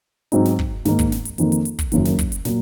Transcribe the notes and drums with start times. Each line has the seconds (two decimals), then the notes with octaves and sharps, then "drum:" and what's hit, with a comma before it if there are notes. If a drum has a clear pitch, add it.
0.32 G#2 F#3 C4 D#4, drum: hi-hat
0.45 drum: snare
0.59 drum: kick
0.85 G#2 D#3 A#3 D#4, drum: snare
0.99 drum: kick, hi-hat
1.12 drum: snare
1.25 drum: hi-hat
1.38 F2 D#3 A#3 D#4, drum: hi-hat
1.52 drum: hi-hat
1.65 drum: hi-hat
1.79 drum: kick, hi-hat
1.92 F#1 F#2 D#3, drum: hi-hat
2.05 drum: snare
2.19 drum: kick, hi-hat
2.32 drum: hi-hat
2.45 A#2 F#3 A#3, drum: snare